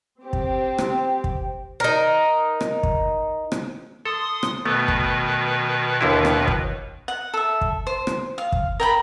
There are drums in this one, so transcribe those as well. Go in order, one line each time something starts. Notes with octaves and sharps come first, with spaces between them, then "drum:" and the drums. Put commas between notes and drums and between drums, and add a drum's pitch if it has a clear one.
C4 G4
drum: kick
drum: rim click
drum: kick
D#4 A#4
drum: rim click
drum: kick
drum: rim click
A4 C6 D#6
drum: rim click
B2 D#3 A3 B3 B4
drum: kick
D#2 D3 E4
drum: rim click
drum: kick
F#5
A4 E5
drum: kick
C5
drum: rim click
F5
drum: kick
A#4 G5 B5